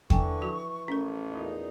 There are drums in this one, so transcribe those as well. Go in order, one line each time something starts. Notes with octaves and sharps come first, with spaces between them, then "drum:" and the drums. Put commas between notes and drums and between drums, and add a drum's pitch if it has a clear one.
D3 E3 G5 G#5 C#6, drum: kick E2
F3 F#4
A1 C#4 A#4
E2 A#2 D#4